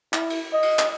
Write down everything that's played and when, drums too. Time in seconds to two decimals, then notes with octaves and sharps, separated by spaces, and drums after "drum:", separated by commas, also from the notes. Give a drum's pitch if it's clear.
0.13 E4, drum: clap
0.30 drum: cymbal
0.53 D#5
0.63 drum: cymbal
0.79 drum: clap